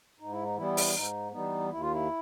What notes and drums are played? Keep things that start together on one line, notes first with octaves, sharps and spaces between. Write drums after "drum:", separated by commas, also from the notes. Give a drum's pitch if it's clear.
G#2 D#4
E4
D#4
E3 G3 B3 E4
drum: open hi-hat
G#2 D#4
E3 G3 B3 D#4
D#2 E4
F4
E4